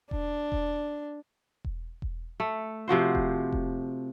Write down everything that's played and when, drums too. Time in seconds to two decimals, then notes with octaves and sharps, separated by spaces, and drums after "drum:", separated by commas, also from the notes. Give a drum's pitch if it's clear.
0.11 D4, drum: kick E1
0.52 drum: kick E1
1.65 drum: kick E1
2.02 drum: kick E1
2.40 A3
2.88 C3 F3 F#4 C5
3.15 drum: kick E1
3.52 drum: kick E1